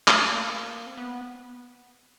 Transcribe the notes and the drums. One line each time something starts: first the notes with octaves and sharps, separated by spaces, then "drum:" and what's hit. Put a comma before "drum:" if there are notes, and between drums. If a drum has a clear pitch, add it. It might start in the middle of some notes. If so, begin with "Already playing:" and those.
A3, drum: clap
A#3
C4
B3